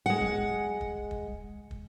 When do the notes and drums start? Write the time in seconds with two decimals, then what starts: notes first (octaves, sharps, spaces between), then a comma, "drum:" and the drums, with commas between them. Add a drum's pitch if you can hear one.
0.06 G#3 F#5
0.21 drum: kick
0.81 drum: kick
1.11 drum: kick
1.71 drum: kick